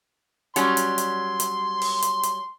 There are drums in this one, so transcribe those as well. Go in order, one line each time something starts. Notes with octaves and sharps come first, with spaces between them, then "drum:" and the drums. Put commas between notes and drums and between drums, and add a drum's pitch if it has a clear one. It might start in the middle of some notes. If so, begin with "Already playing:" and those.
F#3 G3 C#4 C6, drum: hi-hat
drum: hi-hat
drum: hi-hat
drum: hi-hat
drum: open hi-hat
drum: hi-hat
drum: hi-hat